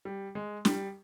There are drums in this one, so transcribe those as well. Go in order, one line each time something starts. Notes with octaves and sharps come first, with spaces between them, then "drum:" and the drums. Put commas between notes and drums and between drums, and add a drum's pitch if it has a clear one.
G3
G#3
G3, drum: snare